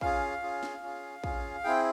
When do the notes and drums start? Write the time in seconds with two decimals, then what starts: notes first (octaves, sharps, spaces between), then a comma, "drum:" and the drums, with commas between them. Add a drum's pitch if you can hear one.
0.01 C#4 F4 G#4 F5, drum: kick
0.42 C#4 F4 G#4
0.63 drum: snare
0.83 C#4 F4 G#4
1.24 C#4 F4 G#4, drum: kick
1.64 C4 E4 G#4 G5